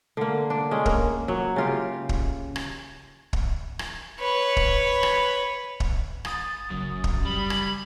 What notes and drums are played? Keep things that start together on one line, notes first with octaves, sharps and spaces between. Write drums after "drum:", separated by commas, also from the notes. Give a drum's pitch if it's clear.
D3 A#3
D4
G#3 C#4
A#3, drum: kick
F#3
C#3 F4 G4
drum: kick
drum: rim click
drum: kick
drum: rim click
B4 C#5
drum: kick
drum: rim click
drum: kick
G#1 D#6 A6, drum: rim click
F#1 F#2 F#3
drum: kick
G3 B5
drum: rim click